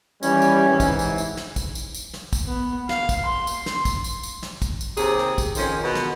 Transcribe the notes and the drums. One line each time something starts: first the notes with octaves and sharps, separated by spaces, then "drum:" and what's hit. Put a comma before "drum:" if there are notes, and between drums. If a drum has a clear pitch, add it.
D#2 E3 G3 C#4, drum: tambourine
drum: tambourine
C2 G#2 E3
drum: kick, tambourine
drum: tambourine
drum: tambourine
drum: snare
drum: kick, tambourine
drum: tambourine
drum: tambourine
drum: snare
drum: kick, tambourine
B3
F5, drum: snare
drum: kick, tambourine
C6
drum: tambourine
drum: snare
drum: kick, tambourine
drum: tambourine
drum: tambourine
drum: snare
drum: kick, tambourine
drum: tambourine
D#2 C3 G#4, drum: tambourine
drum: snare
drum: kick, tambourine
F2 D#3 C#4 C5, drum: tambourine
B2
drum: snare